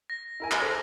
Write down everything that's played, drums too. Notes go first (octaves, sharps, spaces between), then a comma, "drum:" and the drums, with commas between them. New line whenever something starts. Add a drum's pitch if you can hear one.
A#6
E4 A#4 G#5
drum: clap
A4 C5